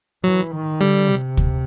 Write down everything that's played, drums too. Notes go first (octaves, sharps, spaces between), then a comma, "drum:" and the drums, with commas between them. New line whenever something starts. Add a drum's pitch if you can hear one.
E3 F#3
D#3
D3 G3
C3
drum: kick